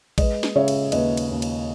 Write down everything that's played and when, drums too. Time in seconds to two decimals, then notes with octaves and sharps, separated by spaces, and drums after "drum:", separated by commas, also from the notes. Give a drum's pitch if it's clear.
0.18 G#3 B4 D#5, drum: kick A1, cymbal
0.43 drum: snare
0.55 C#3 C#5 E5
0.68 drum: cymbal
0.92 D#2 B4 D#5, drum: cymbal
1.17 drum: cymbal
1.30 D#2
1.42 drum: cymbal